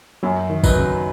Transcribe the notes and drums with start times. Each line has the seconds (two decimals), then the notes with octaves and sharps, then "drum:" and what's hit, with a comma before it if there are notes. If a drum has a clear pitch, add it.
0.23 F#2 F#3
0.50 D#3
0.64 F#3 D#4 B4, drum: kick, tambourine
0.77 C#3